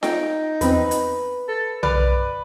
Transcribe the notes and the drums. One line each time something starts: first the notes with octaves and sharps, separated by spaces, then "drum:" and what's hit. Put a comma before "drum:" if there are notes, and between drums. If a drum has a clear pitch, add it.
D#4 G5, drum: snare F4
E2 F3 C4 B4, drum: hi-hat
drum: hi-hat
A4
B4 D5 F6, drum: tom B1